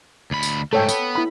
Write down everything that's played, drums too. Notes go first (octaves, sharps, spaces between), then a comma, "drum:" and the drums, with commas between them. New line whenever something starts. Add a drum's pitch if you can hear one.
D2 B5
drum: tambourine
G#2 A3 A4 C#5 G5
B3, drum: tambourine
E4 B5